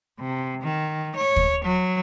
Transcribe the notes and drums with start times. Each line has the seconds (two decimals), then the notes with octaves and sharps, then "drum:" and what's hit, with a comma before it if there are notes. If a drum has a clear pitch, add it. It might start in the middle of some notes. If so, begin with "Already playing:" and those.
0.19 C3
0.62 D#3
1.16 C#5
1.36 drum: kick
1.65 F#3